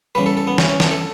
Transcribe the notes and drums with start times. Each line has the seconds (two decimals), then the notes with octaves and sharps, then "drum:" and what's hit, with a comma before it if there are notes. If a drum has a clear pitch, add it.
0.15 E2 C#3 G3 B4
0.26 A4
0.37 A4
0.47 B3
0.58 C#4, drum: snare
0.69 C#4
0.80 D4, drum: snare
0.91 A4